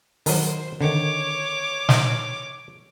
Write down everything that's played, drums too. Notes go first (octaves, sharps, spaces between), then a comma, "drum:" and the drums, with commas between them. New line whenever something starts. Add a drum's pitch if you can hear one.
D#3 F#3 C5, drum: open hi-hat
D3 D#3 C#5 D6
drum: snare